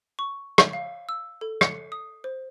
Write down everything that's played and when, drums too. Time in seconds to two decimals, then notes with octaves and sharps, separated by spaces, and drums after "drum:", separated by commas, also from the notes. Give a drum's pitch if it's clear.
0.19 C#6
0.58 drum: rim click
0.73 F5
1.09 E6
1.41 A4
1.61 C#7, drum: rim click
1.92 D#6
2.24 C5